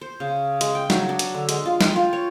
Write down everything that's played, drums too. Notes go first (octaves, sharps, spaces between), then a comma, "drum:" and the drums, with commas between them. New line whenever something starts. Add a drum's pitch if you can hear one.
C5
C#3
G#3, drum: hi-hat
G5
F#3, drum: snare
D4
drum: hi-hat
D3
G#3, drum: hi-hat
F4
G5, drum: snare
F4
C#5